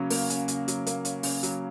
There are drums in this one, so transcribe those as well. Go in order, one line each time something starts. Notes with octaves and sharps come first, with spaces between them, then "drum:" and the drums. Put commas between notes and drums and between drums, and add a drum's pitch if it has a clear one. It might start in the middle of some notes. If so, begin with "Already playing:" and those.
Already playing: C#3 F#3 A#3 C#4
A#3, drum: open hi-hat
C#4, drum: hi-hat
C#3, drum: hi-hat
F#3, drum: hi-hat
A#3, drum: hi-hat
C#4, drum: hi-hat
C#3, drum: open hi-hat
F#3, drum: hi-hat